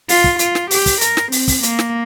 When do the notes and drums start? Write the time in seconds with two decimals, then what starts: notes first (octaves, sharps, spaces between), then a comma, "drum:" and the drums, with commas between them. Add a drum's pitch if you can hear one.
0.09 F4, drum: open hi-hat
0.24 drum: kick
0.39 F4, drum: hi-hat
0.55 drum: snare
0.71 G4, drum: open hi-hat
0.86 drum: kick, open hi-hat
1.01 A#4, drum: hi-hat
1.17 drum: snare
1.32 C4, drum: open hi-hat
1.48 drum: kick, open hi-hat
1.63 A#3, drum: hi-hat
1.79 drum: snare